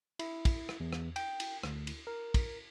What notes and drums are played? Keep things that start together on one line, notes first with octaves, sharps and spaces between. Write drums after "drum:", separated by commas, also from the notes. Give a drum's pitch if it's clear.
E4, drum: cymbal
drum: kick, cymbal
drum: rim click
E2
drum: rim click
G5, drum: cymbal
drum: cymbal
D2, drum: rim click
drum: cymbal
A#4
drum: kick, cymbal